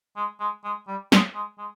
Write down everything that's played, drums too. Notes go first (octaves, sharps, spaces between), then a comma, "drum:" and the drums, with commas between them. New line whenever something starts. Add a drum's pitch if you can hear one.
G#3
G#3
G#3
G3
G#3, drum: snare
G#3
G#3